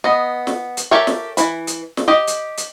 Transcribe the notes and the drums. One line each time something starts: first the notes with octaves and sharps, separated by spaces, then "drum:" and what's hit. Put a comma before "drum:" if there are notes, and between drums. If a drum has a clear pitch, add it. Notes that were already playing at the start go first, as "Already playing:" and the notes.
B3 D#5
drum: snare
drum: hi-hat
G4 A4 A#4 C#5 E5
drum: snare
E3 B5, drum: hi-hat
drum: hi-hat
drum: snare
G4 D#5
drum: hi-hat
drum: hi-hat